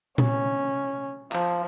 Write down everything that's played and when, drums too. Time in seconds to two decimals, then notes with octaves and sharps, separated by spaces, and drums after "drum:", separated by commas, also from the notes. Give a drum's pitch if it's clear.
0.18 C#4, drum: tom A#2
1.32 F3, drum: clap